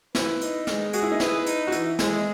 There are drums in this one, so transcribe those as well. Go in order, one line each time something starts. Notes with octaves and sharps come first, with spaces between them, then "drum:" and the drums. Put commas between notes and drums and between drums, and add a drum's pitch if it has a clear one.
E4 B4, drum: snare
D#4, drum: hi-hat
G#3, drum: snare
F#4 G#4, drum: hi-hat
E4
D#4
E4 B4, drum: snare
D#4, drum: hi-hat
F#4
E3 E4, drum: hi-hat
G#3 E4, drum: snare